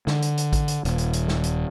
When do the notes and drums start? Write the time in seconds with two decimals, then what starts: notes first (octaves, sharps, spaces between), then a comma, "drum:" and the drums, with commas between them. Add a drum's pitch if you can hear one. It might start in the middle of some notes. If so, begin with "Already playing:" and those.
0.07 D3, drum: snare
0.22 drum: hi-hat
0.37 drum: hi-hat
0.53 drum: kick A1, hi-hat
0.68 drum: hi-hat
0.85 D#1, drum: hi-hat
0.98 drum: hi-hat
1.13 drum: hi-hat
1.28 drum: snare
1.44 drum: hi-hat